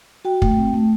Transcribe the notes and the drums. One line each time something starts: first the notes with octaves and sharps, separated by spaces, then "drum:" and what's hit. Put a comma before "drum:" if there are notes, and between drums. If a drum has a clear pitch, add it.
F#4 G5
A3, drum: kick
C4
A3